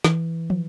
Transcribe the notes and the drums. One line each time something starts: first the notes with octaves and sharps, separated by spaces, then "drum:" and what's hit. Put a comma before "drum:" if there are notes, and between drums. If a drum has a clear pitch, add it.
E3, drum: snare
drum: tom